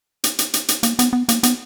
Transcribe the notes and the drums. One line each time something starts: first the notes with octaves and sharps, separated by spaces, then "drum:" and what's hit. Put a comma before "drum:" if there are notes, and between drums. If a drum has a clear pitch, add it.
drum: hi-hat
drum: hi-hat
drum: hi-hat
drum: hi-hat
A#3, drum: hi-hat
B3, drum: hi-hat
B3
A#3, drum: hi-hat
B3, drum: hi-hat